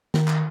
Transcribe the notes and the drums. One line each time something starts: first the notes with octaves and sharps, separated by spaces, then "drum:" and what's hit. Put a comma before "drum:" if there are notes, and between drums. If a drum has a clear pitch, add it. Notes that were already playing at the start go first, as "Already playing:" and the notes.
D#3, drum: snare
drum: clap